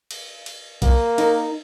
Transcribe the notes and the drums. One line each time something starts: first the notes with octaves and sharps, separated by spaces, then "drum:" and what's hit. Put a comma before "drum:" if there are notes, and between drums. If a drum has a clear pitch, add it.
drum: cymbal
drum: cymbal
A#3, drum: kick B1, cymbal
D#4 A#4, drum: cymbal